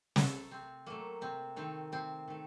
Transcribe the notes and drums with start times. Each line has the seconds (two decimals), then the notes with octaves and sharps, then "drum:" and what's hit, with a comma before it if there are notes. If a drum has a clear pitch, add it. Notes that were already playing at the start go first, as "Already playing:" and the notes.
0.16 F#3 A3 A4, drum: snare
0.51 C3 C4
0.86 F#3 A3 A#3
1.21 C3 C4
1.56 D#3 A3 C4
1.92 C3 C4
2.28 D#3 A3